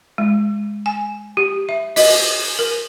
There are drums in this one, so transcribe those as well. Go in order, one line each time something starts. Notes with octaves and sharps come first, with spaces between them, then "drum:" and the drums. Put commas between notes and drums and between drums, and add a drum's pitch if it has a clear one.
G#3
G#5
G4
E5
D#5, drum: open hi-hat
A#4